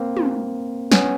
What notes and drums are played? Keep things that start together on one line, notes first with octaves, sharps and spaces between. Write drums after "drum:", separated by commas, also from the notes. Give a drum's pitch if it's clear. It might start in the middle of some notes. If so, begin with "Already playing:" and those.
Already playing: A#3 C4
drum: tom
B3 C#4, drum: snare